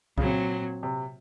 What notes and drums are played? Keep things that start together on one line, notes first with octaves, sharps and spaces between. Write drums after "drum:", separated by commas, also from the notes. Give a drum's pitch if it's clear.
A#2 C#3 F#3 C4, drum: kick C2
C3